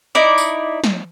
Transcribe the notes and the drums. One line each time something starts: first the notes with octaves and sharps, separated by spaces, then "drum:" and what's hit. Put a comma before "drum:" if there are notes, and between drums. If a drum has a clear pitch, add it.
D#4 E4 D5
drum: tambourine
drum: snare